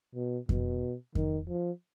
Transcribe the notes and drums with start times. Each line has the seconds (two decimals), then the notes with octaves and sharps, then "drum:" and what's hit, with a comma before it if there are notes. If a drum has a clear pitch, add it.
0.15 B2
0.49 B2, drum: kick F2
1.15 D#3, drum: kick F2
1.48 F3